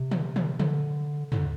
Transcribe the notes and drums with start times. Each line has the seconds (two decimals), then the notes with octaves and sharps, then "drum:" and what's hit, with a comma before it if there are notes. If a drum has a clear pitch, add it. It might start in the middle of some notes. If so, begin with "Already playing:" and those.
Already playing: C3
0.11 drum: tom
0.36 drum: tom
0.60 D3, drum: tom
1.32 D3, drum: tom